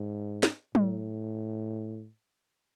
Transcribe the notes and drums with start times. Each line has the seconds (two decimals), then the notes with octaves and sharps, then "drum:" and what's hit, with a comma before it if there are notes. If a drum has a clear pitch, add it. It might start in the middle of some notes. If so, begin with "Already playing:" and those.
Already playing: G#2
0.43 drum: snare
0.75 A2, drum: tom F#3